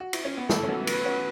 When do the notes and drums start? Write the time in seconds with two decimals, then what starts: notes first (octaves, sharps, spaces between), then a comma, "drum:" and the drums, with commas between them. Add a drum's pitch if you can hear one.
0.00 F#4
0.13 E4, drum: cymbal
0.25 C#4
0.37 B3
0.49 E3 A3 A4, drum: snare
0.63 C#4
0.69 F#3 B3
0.87 B4, drum: cymbal
1.05 C#4 F#4